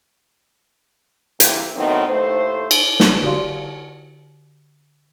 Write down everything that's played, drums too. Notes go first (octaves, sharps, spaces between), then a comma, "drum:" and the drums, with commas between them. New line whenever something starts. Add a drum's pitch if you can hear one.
C3 E3 A#3, drum: hi-hat
A2 D#3 F#3 B3 C4 D#4
D#2 A2 A3 C5
drum: cymbal
drum: snare
D3 F#4 G4 D5 F5 C6